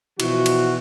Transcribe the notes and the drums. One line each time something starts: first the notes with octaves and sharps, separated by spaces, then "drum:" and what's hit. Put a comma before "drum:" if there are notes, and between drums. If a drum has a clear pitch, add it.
B2 E3 F3 E4 F#4, drum: cymbal
drum: cymbal